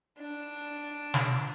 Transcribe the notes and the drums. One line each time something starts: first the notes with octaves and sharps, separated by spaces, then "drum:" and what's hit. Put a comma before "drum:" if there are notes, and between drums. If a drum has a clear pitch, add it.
D4
drum: snare